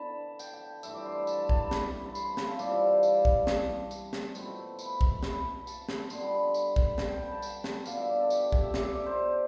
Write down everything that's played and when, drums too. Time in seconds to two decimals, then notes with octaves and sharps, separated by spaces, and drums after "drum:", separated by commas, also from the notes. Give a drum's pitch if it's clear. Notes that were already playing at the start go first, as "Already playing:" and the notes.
Already playing: D3 B3 E4 A5 B5
0.39 G5, drum: tambourine
0.54 G5
0.83 G2 E3 A3 E5, drum: tambourine
0.94 D5
1.05 C6
1.17 B5
1.27 A5, drum: tambourine
1.38 A5
1.49 A5, drum: kick
1.61 B5
1.71 drum: snare
2.06 B5
2.15 C6, drum: tambourine
2.26 B5
2.37 A5, drum: snare
2.43 E5 F5
2.59 C3 E3 G3 D5, drum: tambourine
2.70 E5
2.81 F5
2.92 G5
3.03 A5, drum: tambourine
3.25 drum: kick
3.47 drum: snare
3.91 drum: tambourine
4.13 drum: snare
4.35 B2 A3 C4 E4, drum: tambourine
4.79 B5, drum: tambourine
5.01 drum: kick
5.23 B5, drum: snare
5.67 A5, drum: tambourine
5.89 drum: snare
6.10 D3 G3 B3 C6, drum: tambourine
6.21 B5
6.32 B5
6.44 B5
6.54 drum: tambourine
6.76 drum: kick
6.98 A5, drum: snare
7.09 G5
7.21 B5
7.32 A5
7.42 G5, drum: tambourine
7.64 drum: snare
7.86 B2 B3 D4 F5, drum: tambourine
7.97 E5
8.08 D5
8.19 A4
8.30 G4, drum: tambourine
8.41 G4
8.52 G4, drum: kick
8.63 E5
8.74 E5, drum: snare
8.79 D5
8.85 E5
8.95 D5
9.06 C5